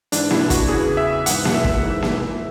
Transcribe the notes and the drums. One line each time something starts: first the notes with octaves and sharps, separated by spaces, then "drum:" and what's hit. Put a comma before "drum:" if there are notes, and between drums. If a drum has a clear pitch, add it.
G#2 E3 D4, drum: hi-hat
E4, drum: snare A#3
F#4, drum: kick, hi-hat
E2 C#3 E3 G#4
E5
G#2 E3 F#5, drum: hi-hat
drum: snare A#3
E5
drum: kick
G#2 E3
drum: snare A#3